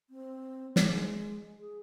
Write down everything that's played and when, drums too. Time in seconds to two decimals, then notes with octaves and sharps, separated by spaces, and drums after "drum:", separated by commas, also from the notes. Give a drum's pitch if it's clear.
0.10 C4
0.76 G#3, drum: snare
1.59 G#4